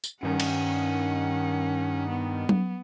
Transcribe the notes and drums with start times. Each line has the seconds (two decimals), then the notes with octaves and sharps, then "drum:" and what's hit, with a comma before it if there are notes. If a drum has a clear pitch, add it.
0.04 drum: tambourine
0.23 G2 D#3 C#4 F#5
0.40 drum: cymbal
2.10 B3
2.49 drum: tom F#3